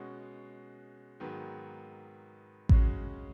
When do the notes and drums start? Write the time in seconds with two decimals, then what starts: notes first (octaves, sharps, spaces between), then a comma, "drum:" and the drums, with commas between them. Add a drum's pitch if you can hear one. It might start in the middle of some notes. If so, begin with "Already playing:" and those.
Already playing: B2 G#3 C#4 F#4
1.20 G#2 D#3 F#3 B3
2.69 C#3 G#3 C#4 F#4, drum: kick A1